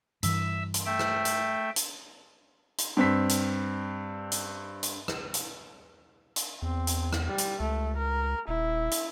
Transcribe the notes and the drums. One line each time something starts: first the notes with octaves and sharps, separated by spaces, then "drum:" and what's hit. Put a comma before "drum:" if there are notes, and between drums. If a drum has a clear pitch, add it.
G2 E3 E5 E6, drum: hi-hat
drum: hi-hat
A3 E5 G5
drum: rim click
drum: hi-hat
drum: hi-hat
drum: hi-hat
G2 C4 B6
drum: hi-hat
drum: hi-hat
drum: hi-hat
drum: rim click
drum: hi-hat
drum: hi-hat
E2 C4
drum: hi-hat
drum: rim click
G3
drum: hi-hat
C#2 A3
A#4
D#1 E4
drum: hi-hat